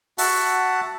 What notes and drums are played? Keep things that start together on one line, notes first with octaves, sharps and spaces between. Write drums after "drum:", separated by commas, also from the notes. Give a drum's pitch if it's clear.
F#4 E5 F#5 A5, drum: open hi-hat